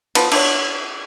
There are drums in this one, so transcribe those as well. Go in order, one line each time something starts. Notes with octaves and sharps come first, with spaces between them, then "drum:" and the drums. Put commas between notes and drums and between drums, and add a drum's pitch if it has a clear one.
F3 B3, drum: cymbal
D4 C#5, drum: cymbal